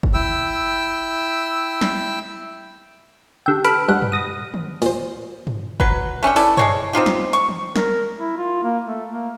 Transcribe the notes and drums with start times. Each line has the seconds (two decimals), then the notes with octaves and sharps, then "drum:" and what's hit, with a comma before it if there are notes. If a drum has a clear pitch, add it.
0.03 drum: kick F#1
0.14 E4 G5 E6
1.81 drum: snare
3.46 D3 G4 G5 E6
3.64 A4 B4 B5 F6 D7, drum: hi-hat
3.89 G2 F#5
4.02 drum: tom
4.12 D#6 A#6
4.54 drum: tom
4.82 A#2 C5, drum: open hi-hat
5.47 drum: tom
5.80 F#3 B4, drum: kick F#1
6.23 A3 C#4 D4 G5
6.36 E4 A4 D5, drum: open hi-hat
6.57 G#3 C4 C#5, drum: tom
6.93 C4 D#4 F4 G4
7.06 drum: snare
7.33 C#6, drum: hi-hat
7.49 drum: tom D#3
7.76 A#4, drum: snare
8.18 E4
8.37 F4
8.63 A#3
8.85 A3
9.10 A#3